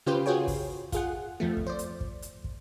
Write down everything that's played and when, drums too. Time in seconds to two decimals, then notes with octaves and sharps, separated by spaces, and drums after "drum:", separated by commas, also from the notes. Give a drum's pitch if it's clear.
0.06 C#3 F4 G4 B4 C5
0.26 F4 F#4 G#4 C#5 G5
0.47 drum: kick, open hi-hat
0.92 F4 G#4 F#5, drum: kick, hi-hat
1.40 F2 F3 A3
1.57 drum: kick
1.67 C5 D5
1.79 drum: hi-hat
2.01 drum: kick
2.22 drum: hi-hat
2.44 drum: kick